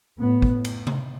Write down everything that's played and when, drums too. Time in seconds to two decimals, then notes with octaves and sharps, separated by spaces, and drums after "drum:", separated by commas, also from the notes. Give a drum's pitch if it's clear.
0.21 A2 B3
0.42 drum: kick
0.65 drum: cymbal
0.87 drum: tom C3